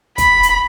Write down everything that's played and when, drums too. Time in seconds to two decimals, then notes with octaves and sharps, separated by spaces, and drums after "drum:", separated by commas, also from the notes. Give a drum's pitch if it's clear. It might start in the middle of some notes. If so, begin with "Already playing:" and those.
0.18 B5, drum: kick, hi-hat
0.43 drum: hi-hat